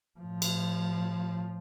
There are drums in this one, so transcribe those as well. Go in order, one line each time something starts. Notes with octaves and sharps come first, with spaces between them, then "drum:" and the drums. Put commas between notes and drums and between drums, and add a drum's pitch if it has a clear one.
A2 F3
drum: cymbal